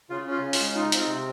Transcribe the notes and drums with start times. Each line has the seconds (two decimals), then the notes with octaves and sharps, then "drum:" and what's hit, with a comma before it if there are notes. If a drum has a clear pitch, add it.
0.10 C#3 F4
0.26 C#4 F4
0.42 C#3
0.53 F4, drum: open hi-hat
0.59 G#3
0.75 D#4 F4
0.92 C4 F4, drum: hi-hat
1.08 C3